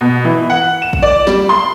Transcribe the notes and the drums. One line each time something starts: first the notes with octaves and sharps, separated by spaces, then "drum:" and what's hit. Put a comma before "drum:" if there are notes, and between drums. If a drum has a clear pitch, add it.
B2
E3
F#5
E7
drum: kick
D5
G3, drum: snare
C6